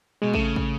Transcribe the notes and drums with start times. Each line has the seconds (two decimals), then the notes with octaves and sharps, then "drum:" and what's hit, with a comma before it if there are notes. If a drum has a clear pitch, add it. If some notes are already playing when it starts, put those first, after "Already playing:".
0.22 B2 G#3
0.34 C#3 A3, drum: kick
0.56 drum: kick